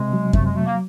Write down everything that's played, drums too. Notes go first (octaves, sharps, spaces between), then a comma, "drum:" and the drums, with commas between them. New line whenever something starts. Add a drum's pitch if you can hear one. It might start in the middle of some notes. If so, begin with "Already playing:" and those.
Already playing: C3 G#3
F#3
C3 A3, drum: kick F#2
G#3
F#3 A3
A#3